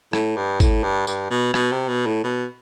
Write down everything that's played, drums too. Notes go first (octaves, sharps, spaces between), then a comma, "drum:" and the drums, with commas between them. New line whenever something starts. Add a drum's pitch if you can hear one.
A2, drum: rim click
G2
A2, drum: kick, tambourine
G2
G2, drum: tambourine
B2
B2, drum: rim click
C3
B2
A2
B2